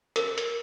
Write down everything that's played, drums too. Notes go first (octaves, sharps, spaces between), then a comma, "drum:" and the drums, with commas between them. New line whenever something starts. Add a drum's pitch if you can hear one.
A#4, drum: hi-hat
drum: hi-hat